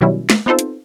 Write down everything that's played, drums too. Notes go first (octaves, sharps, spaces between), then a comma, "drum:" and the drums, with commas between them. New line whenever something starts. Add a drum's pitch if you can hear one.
B2 D#3 F#3 G3 C#4 E4
drum: snare
B3 C4 D#4 F4 A4 C5
drum: hi-hat